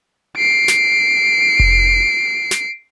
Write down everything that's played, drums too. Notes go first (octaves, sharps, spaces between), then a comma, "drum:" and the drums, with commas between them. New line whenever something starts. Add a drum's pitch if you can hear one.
C7 D7
drum: snare
drum: kick F1
drum: snare